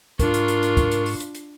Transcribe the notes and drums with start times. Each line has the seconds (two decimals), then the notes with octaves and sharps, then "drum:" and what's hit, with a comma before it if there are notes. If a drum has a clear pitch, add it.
0.19 G#2 D4 F4 A#4 C#6, drum: kick, hi-hat
0.34 drum: hi-hat
0.48 drum: hi-hat
0.63 drum: hi-hat
0.77 drum: kick, hi-hat
0.91 drum: hi-hat
1.06 drum: open hi-hat
1.20 drum: hi-hat
1.35 drum: hi-hat